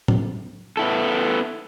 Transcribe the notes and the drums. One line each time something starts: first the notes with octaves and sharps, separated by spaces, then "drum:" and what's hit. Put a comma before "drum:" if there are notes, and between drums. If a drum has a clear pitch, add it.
drum: tom
B3 E4 A4